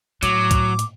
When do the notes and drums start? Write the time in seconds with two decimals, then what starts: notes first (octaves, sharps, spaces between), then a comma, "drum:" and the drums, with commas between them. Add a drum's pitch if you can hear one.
0.23 A2 F#3 D6, drum: hi-hat
0.51 drum: kick C2, hi-hat
0.79 drum: hi-hat